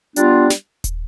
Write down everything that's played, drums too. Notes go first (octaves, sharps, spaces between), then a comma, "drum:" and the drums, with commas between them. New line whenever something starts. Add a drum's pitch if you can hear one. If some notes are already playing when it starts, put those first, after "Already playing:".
G3 B3 D4 F4, drum: hi-hat
drum: snare
drum: kick D#1, hi-hat